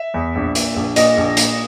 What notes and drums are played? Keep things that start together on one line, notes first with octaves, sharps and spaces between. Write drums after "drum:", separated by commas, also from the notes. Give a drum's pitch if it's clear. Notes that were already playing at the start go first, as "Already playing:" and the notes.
Already playing: E5
E2
A#1
A#2, drum: hi-hat
A#1
A#2 D#5, drum: hi-hat
A#1
A#2, drum: hi-hat